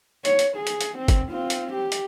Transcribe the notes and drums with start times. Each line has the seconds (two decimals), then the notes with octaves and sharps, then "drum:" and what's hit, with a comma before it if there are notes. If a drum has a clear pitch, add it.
0.25 C#5, drum: hi-hat
0.39 drum: hi-hat
0.57 G#4
0.67 drum: hi-hat
0.81 drum: hi-hat
0.98 C4
1.08 drum: kick, hi-hat
1.30 C4 F4
1.50 drum: hi-hat
1.73 G4
1.92 drum: hi-hat